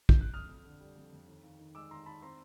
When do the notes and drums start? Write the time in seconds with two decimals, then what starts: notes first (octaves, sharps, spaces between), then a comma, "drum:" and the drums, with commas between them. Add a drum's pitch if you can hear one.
0.09 G6, drum: kick
0.21 F#6
0.34 F2 D#6 F6
0.49 F2
0.65 D3
0.80 G3
0.96 F2
1.13 F2
1.28 D#2
1.44 D#2
1.59 D#3
1.75 G#3 D6 E6
1.91 D#2 A#5 C6
2.06 D#2 A5 B5
2.22 C4 A#5 C6